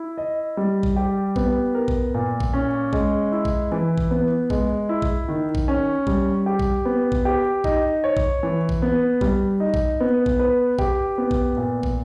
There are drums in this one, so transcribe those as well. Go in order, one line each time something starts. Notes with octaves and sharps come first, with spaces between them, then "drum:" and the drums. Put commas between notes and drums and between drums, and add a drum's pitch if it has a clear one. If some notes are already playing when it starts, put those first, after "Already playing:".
Already playing: E4
D#5
G3
drum: kick
G4
B3, drum: kick
A#4
drum: kick
A#2
drum: kick
C#4
G#3, drum: kick
E4
drum: kick
E3
drum: kick
B3
G#3, drum: kick
E4
drum: kick
D#3
drum: kick
C#4
G3, drum: kick
G4
drum: kick
B3
drum: kick
G4
D#4, drum: kick
C#5
drum: kick
E3
drum: kick
B3
G3, drum: kick
D#4
drum: kick
B3
drum: kick
B4
G4, drum: kick
B3
drum: kick
A#2
drum: kick